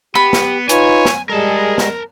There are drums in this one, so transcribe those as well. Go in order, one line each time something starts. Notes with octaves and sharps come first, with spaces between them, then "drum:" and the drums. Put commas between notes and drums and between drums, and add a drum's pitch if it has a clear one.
B3 G4 B5
drum: snare
D#4 F4 B4 C#5 G#5, drum: hi-hat
drum: snare
G3 G#3 G#4 A#4 A5
drum: snare